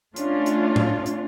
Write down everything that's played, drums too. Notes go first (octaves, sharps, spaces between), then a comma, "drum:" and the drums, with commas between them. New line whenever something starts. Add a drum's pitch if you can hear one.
A3 C#4 D4 F4, drum: hi-hat
drum: hi-hat
drum: tom A2
drum: hi-hat